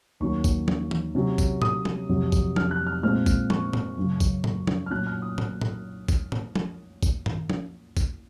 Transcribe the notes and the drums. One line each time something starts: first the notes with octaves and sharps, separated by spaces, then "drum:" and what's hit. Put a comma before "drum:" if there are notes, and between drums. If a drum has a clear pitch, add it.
D#2 D#3 F#3 A#3 C#4 C#6
drum: kick G#1, tambourine
drum: tom F3
drum: tom E3
C3 F#3 C#4
drum: kick G#1, tambourine
D#6, drum: tom G#2
drum: tom F3
F2 C3 F#3
drum: kick G#1, tambourine
F6, drum: tom F3
F#6
F6
A#2 G#3 C4 F6
drum: kick G#1, tambourine
C#6, drum: tom F3
drum: tom G#2
F#2 C#3 F#3
drum: kick G#1, tambourine
drum: tom G#2
drum: tom F3
F6
A#2 F#3 C#4 F#6
F6
D#6
drum: tom G#2
drum: tom G#2
drum: kick G#1, tambourine
drum: tom G#2
drum: tom F3
drum: kick G#1, tambourine
drum: tom
drum: tom F3
drum: kick G#1, tambourine